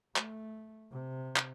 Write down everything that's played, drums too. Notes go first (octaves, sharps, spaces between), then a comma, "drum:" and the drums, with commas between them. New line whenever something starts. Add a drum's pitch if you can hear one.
A3, drum: clap
C3
drum: clap